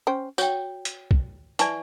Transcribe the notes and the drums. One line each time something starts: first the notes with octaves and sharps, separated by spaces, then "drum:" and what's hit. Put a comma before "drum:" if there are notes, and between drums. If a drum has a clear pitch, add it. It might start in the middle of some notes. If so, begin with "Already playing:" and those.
C#4 C5 G5
F#4 C#5 G5, drum: tambourine
drum: hi-hat
drum: kick
E3 D5 G#5 A5 C#6, drum: hi-hat